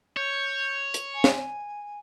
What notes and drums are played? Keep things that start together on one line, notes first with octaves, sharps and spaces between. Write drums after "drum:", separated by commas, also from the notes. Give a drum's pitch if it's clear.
C#5 G6
drum: hi-hat
G#5
drum: snare